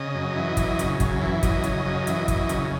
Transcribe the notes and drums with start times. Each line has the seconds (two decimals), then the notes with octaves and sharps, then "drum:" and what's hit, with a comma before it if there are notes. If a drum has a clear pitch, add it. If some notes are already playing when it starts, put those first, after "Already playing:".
Already playing: C#3 D#5
0.15 F#2
0.36 E3
0.57 F#2, drum: kick, hi-hat
0.79 C#3, drum: hi-hat
1.00 F#2, drum: kick, hi-hat
1.21 E3
1.43 F#2 D#5, drum: kick, hi-hat
1.64 C#3, drum: hi-hat
1.86 F#2
2.07 E3, drum: hi-hat
2.28 F#2, drum: kick, hi-hat
2.49 C#3, drum: hi-hat